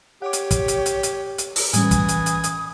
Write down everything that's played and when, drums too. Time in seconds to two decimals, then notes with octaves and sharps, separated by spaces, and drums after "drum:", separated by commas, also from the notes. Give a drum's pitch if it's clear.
0.22 G4 C#5 F#5 D6
0.33 drum: hi-hat
0.51 drum: kick, hi-hat
0.68 drum: hi-hat
0.86 drum: hi-hat
1.03 drum: hi-hat
1.38 drum: hi-hat
1.56 drum: open hi-hat
1.74 A2 E3 G3 C#4 G#5 D#6, drum: hi-hat
1.91 drum: kick, hi-hat
2.09 drum: hi-hat
2.26 drum: hi-hat
2.44 drum: hi-hat